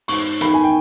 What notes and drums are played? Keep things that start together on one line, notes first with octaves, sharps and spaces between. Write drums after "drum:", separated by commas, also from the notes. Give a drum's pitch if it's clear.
G#2 C#6, drum: open hi-hat
D#3 B5, drum: hi-hat
G#5
G5